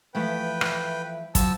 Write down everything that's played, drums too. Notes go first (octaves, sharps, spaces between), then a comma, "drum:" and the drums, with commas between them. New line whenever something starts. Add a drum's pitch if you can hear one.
E3 F3 A3 B4 G5
drum: rim click
F3 F#3 A5 E6, drum: kick, hi-hat